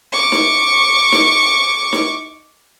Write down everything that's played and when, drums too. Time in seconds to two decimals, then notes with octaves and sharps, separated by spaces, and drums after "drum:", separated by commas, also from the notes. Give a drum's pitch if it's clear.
0.12 C#6 D6
0.32 drum: snare D#4
1.12 drum: snare D#4
1.93 drum: snare D#4